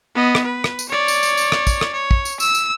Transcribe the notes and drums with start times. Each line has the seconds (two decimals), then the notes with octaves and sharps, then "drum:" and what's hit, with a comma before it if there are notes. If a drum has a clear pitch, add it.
0.15 B3 D#5
0.35 drum: rim click
0.44 B4
0.64 drum: rim click
0.79 drum: tambourine
0.89 C#5 D5
1.08 drum: tambourine
1.23 drum: tambourine
1.37 drum: tambourine
1.52 drum: rim click
1.67 drum: kick, tambourine
1.81 drum: rim click
1.92 C#5
2.11 drum: kick
2.25 drum: tambourine
2.40 E6, drum: tambourine
2.55 drum: tambourine